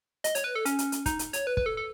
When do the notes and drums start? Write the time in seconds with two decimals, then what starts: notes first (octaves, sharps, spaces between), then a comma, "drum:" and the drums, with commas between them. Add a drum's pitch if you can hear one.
0.24 D#5, drum: hi-hat
0.35 C#5, drum: hi-hat
0.44 B4
0.55 A4
0.65 C#4, drum: hi-hat
0.79 drum: hi-hat
0.92 drum: hi-hat
1.06 D#4, drum: kick, hi-hat
1.19 drum: hi-hat
1.33 C#5, drum: hi-hat
1.47 B4
1.57 B4, drum: kick
1.66 A4
1.77 A4